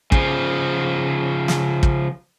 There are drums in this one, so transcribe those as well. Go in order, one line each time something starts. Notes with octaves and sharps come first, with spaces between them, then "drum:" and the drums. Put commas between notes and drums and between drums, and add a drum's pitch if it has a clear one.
C#3 F3, drum: kick
drum: snare
drum: kick